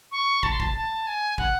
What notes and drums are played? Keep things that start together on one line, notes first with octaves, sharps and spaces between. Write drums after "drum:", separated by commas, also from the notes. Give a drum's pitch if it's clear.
C#6
A5, drum: kick
C6
A5, drum: kick
A5
G#5
F#5, drum: kick